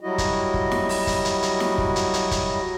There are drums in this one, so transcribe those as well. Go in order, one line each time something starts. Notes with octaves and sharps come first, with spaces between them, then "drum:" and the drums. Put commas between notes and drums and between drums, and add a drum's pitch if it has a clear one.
F#3 G3 E4 F#4 D#5
drum: kick, hi-hat
drum: kick
drum: snare
drum: open hi-hat
drum: kick, hi-hat
drum: hi-hat
drum: hi-hat
drum: snare
drum: kick
drum: hi-hat
drum: hi-hat
drum: kick, hi-hat